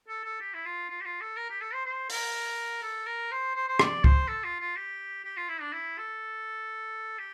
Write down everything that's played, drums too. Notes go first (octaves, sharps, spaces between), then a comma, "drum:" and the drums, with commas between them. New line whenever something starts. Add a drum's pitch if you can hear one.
A4
A4
G4
E4
F4
F4
G4
F4
A4
A#4
G4
A4
C5
C5
A#4, drum: open hi-hat
A4
A#4
C5
C5
C5
D5, drum: rim click
C5, drum: kick C#2
A4
F4
F4
G4
G4
F4
E4
D4
E4
A4
G4